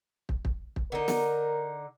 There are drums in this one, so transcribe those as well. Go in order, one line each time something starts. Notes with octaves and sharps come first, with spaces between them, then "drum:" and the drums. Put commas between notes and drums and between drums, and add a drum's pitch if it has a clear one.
drum: kick
drum: kick
drum: kick
D3 D#4 A#4
drum: snare